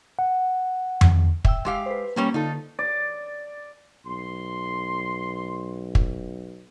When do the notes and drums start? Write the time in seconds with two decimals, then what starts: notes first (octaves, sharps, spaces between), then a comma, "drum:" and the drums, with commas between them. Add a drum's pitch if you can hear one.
0.19 F#5
1.01 drum: tom F2
1.45 E5 G5 E6, drum: kick
1.65 G#3 G4 F5
1.86 B4 C5
2.16 B2 G3 A#3 C#4
2.34 D3 D#4 F4 A4
2.79 D5
4.06 B1 C6
5.95 drum: kick